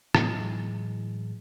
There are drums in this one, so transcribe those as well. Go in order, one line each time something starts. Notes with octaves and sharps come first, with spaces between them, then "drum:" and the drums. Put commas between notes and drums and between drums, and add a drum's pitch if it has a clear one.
A2 E3 F#3 G#3, drum: rim click